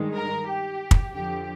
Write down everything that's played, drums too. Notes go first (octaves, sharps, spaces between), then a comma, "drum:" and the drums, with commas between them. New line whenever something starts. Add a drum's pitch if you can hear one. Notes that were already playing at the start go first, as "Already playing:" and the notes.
Already playing: G2 D#3 G#3
A#4
G4
drum: kick
F2 D3 F3 G4